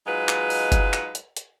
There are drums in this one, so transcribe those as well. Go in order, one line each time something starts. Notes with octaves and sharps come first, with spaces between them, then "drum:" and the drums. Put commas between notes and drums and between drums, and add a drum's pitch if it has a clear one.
F#3 G#3 D#4 F4 B4
drum: clap
drum: open hi-hat
drum: kick F#1, hi-hat
drum: clap
drum: hi-hat
drum: hi-hat